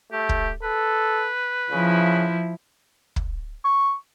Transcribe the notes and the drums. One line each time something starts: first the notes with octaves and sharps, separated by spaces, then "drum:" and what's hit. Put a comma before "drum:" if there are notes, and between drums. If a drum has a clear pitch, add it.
A3 G4
drum: kick
A4 B4
C#3 F3 E4
drum: kick
C#6